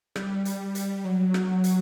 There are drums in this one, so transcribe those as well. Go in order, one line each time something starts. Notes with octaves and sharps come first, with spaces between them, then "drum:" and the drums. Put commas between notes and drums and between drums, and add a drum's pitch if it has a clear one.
G3, drum: rim click
drum: hi-hat
drum: hi-hat
F#3
drum: rim click
drum: hi-hat